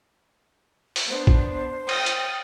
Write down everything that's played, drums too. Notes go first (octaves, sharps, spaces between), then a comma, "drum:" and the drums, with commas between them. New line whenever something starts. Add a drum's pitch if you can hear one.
drum: open hi-hat
B3 D4 C5
drum: kick
G5 D#6, drum: cymbal
drum: hi-hat